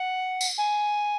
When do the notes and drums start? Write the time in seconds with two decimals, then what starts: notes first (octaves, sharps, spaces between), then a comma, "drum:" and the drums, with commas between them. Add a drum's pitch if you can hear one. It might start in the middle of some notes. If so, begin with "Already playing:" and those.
Already playing: F#5
0.41 drum: tambourine
0.58 G#5